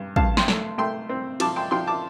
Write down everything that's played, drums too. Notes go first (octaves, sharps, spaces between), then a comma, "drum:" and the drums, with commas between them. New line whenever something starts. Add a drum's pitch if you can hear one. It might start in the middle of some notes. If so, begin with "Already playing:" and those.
Already playing: G2
G2 F5 A5, drum: kick
G5 C6, drum: snare
A3, drum: snare
A3 G5 C6
C4
F3 A5 D6, drum: cymbal
G5 C6
F3 G5 C6
A5 D6